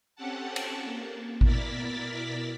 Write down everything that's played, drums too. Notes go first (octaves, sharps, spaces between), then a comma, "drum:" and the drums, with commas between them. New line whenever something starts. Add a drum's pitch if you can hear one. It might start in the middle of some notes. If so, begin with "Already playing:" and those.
C4 C#4 G4 A4 F#5 A5
drum: cymbal
A#3
B2 E4 A#4 D5 A6 B6, drum: kick A1